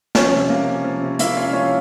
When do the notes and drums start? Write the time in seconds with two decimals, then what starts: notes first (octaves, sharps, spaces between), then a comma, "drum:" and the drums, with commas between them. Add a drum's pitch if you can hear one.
0.15 F3 C#4 C#5, drum: snare
0.33 C3
0.50 A#3
0.68 C#4
0.84 F3
1.01 C3
1.19 A#3 E4 E5, drum: hi-hat
1.37 C#4 F4 F5
1.53 F3 C#4 C#5